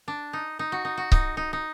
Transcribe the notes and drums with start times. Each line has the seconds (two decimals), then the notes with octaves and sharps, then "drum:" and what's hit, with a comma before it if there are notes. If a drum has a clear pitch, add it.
0.08 D4
0.33 D#4
0.59 D#4
0.72 F#4
0.85 D#4
0.97 F#4
1.12 D#4, drum: kick C#1
1.37 D#4
1.53 D#4